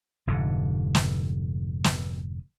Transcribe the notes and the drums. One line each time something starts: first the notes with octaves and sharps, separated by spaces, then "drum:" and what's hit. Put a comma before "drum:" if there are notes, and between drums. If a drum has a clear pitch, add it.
F1 G#2 D3
drum: snare
drum: snare